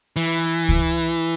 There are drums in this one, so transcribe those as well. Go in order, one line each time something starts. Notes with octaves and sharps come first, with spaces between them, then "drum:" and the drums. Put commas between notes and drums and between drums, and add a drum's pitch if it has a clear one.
E3
drum: kick